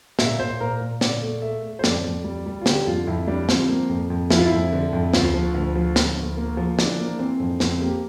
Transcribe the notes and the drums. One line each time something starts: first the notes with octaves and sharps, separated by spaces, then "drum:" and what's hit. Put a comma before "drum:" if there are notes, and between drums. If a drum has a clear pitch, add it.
A#2 E5, drum: snare
A#2 C5
A#2 A#4
A#2
A#2 D5, drum: snare
A3
A3 E5
A3
C5
F2 D5, drum: snare
F2
G3
G3
F4
D3 G4, drum: snare
F2 F4
F2 E4
G3 D4
F3 C4, drum: snare
A#3
F2
F2
F3 E4, drum: snare
F4
E4
F2
D3
F2
D2 F4, drum: snare
F3
D2
F3
F3, drum: snare
D2
A#3
F3
E3 D4, drum: snare
A#3
E3 C4
F2
F2 C4, drum: snare
A#3 G4